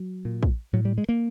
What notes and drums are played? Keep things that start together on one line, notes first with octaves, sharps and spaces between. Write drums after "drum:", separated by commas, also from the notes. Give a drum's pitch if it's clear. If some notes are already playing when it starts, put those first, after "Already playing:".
Already playing: F#3
A#2
drum: kick
A2 F#3
G3
G#3
A#3